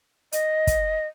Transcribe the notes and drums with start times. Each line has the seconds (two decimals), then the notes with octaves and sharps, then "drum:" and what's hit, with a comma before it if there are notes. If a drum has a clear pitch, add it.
0.32 D#5, drum: hi-hat
0.67 drum: kick, hi-hat